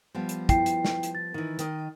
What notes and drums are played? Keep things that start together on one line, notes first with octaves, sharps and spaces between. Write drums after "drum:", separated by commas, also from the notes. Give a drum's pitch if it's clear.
F3 G3 B3
drum: hi-hat
E4 G5 C7, drum: kick, hi-hat
drum: hi-hat
drum: snare
drum: hi-hat
A6
D#3 E3
D#3 D#5, drum: hi-hat